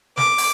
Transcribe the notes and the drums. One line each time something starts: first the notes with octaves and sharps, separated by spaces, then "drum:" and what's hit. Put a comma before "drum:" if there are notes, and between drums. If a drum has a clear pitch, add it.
D6, drum: snare
drum: open hi-hat